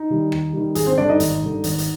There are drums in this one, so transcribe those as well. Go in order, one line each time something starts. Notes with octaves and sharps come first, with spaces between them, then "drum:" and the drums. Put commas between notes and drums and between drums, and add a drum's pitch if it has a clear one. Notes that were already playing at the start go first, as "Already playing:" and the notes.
Already playing: D#4 D#5
D#3 G3
D#2, drum: rim click
D#3 G3
G#1 G#4, drum: hi-hat
C4 C5
G2 D3 D4 D5
D#4 D#5
G#1, drum: hi-hat
G2 D3
G#1, drum: hi-hat
drum: hi-hat